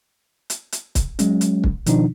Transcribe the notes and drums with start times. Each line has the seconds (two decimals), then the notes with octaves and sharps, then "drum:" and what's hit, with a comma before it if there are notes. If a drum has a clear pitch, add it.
0.50 drum: hi-hat
0.72 drum: hi-hat
0.95 drum: kick, hi-hat
1.19 F#3 G#3 C#4, drum: hi-hat
1.41 drum: hi-hat
1.64 drum: kick
1.86 B2 D#3 F3 D4 D#4, drum: hi-hat